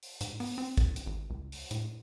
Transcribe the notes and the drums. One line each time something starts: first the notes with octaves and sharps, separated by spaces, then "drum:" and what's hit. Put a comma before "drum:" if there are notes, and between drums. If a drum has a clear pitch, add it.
drum: open hi-hat
G#2, drum: hi-hat
B3, drum: open hi-hat
C4
drum: kick, hi-hat
drum: hi-hat
G#1
C#2
drum: open hi-hat
A2, drum: hi-hat